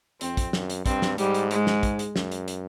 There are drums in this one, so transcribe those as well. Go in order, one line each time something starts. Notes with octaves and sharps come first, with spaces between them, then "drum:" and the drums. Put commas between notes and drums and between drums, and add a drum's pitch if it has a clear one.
F2 C4, drum: hi-hat
drum: kick, hi-hat
F#2, drum: snare
drum: hi-hat
G2 C4, drum: kick, hi-hat
drum: snare
G#2 G3, drum: hi-hat
drum: hi-hat
G#3, drum: hi-hat
drum: snare
drum: kick, hi-hat
drum: hi-hat
F#2, drum: snare
drum: hi-hat
drum: hi-hat